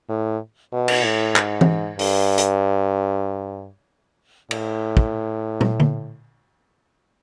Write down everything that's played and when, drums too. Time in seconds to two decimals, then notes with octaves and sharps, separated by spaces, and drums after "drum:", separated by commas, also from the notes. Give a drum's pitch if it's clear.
0.10 A2
0.73 B2
0.88 drum: cymbal
1.04 A2
1.36 G#2, drum: clap
1.61 drum: tom E3
1.99 G2, drum: open hi-hat
2.38 drum: hi-hat
4.51 A2, drum: cymbal
4.97 drum: kick
5.61 drum: tom
5.80 drum: tom D3